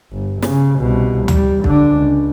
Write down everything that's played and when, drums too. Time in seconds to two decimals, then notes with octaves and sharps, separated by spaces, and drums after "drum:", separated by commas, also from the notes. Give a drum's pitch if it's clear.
0.12 G1
0.42 C#3, drum: snare
0.79 C2 B2
1.28 G3, drum: tom D2
1.64 D3 D4, drum: kick
1.96 C#2